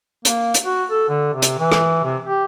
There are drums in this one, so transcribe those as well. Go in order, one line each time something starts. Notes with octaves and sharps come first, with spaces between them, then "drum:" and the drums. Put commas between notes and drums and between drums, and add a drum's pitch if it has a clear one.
A#3, drum: hi-hat
drum: hi-hat
F#4
A4
D3
C3
drum: hi-hat
E3
drum: rim click
C3
G4